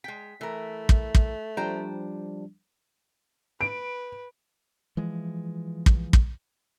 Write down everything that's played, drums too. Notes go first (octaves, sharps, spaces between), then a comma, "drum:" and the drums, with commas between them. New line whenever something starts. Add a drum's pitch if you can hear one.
G#3 G5 B6
E3 A3 A#4
drum: kick
drum: kick
F3 G3 D4 C5 G5 A#5
B4 D7
E3 F3 G#3
drum: kick
drum: kick